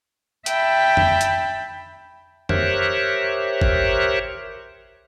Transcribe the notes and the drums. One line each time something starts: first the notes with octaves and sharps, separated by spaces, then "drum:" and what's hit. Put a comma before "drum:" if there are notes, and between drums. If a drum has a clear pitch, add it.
E5 G5 A5 B5, drum: hi-hat
drum: tom F2
drum: hi-hat
G4 A#4 C5 C#5 E5 F#6, drum: tom F2
drum: kick G#1